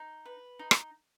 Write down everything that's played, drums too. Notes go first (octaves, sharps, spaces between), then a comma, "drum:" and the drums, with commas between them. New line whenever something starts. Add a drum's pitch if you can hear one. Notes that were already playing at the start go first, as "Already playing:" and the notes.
Already playing: D#4
B4
D#4
drum: rim click